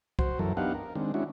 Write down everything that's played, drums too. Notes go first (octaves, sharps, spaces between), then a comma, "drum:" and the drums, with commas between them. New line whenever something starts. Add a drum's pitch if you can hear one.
F#4 C5, drum: kick
F#2 E3 F#3 A4 A#4
B3 D4 D#4 G4 F5 F#5
A#4
D#3 G#3 C4 D4
G#3 C#4 D4 E4 F#4